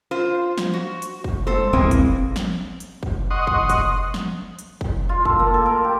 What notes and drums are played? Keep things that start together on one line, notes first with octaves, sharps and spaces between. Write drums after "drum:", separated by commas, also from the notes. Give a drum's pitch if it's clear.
F4 C5
drum: snare
F#4
drum: hi-hat
drum: kick
A4 C5, drum: tom G3
D1 A1 E3 G#3 A#3 C4
drum: kick, hi-hat
drum: snare
drum: hi-hat
drum: kick
D#5 F#5 C6 C#6 D#6
drum: kick
drum: kick, hi-hat
drum: snare
drum: hi-hat
drum: kick
F4
A4, drum: kick
A#3
A4
A#4
G4